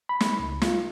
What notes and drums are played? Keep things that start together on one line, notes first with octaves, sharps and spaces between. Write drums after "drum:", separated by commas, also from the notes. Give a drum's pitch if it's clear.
B5
drum: snare
C#2
F4, drum: snare